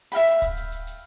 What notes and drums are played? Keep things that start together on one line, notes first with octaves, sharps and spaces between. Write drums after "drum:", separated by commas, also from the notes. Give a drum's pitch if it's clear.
E5 F5 G5 B5
drum: hi-hat
drum: kick D1, hi-hat
drum: hi-hat
drum: hi-hat
drum: hi-hat